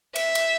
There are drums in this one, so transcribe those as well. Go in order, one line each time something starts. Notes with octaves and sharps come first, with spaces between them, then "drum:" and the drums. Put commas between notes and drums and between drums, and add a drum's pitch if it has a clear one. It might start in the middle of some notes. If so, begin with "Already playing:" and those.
E5, drum: cymbal
drum: cymbal